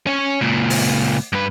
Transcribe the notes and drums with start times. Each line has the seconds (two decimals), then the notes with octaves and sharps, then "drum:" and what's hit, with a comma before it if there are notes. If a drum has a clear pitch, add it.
0.07 C#4 C#5
0.41 C#2 A#2
0.70 drum: open hi-hat
1.33 G2 B4